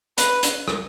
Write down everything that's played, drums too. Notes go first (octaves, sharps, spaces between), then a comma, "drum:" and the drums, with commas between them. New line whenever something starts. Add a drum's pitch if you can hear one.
B4, drum: hi-hat
drum: hi-hat
drum: rim click